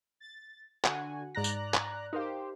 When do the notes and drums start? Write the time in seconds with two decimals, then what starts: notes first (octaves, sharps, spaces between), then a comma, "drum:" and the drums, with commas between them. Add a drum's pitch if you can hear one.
0.20 A6
0.84 D3 F#4 F#5 G#5, drum: clap
1.35 G#2 D5 A#5 F#6 A#6
1.44 drum: tambourine
1.74 drum: clap
2.13 D#4 G4 A#4 C5 F5